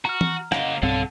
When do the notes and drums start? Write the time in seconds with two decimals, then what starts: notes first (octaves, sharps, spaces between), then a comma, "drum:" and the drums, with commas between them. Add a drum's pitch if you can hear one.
0.05 F#4 A#5 F6
0.21 drum: tom E3
0.52 C#3 A#3 D#5 F#5, drum: rim click
0.83 B1 G2 C4 A4 C#5 F5 F#5